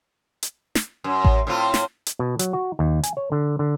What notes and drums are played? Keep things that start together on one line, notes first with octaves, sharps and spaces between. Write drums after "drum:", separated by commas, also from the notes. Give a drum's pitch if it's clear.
drum: hi-hat
drum: snare
F#2
drum: kick A1
A2 C4 F4
drum: snare
drum: hi-hat
B2
F#3, drum: hi-hat
F#4
D#2
G#5, drum: hi-hat
C#5
D3
D3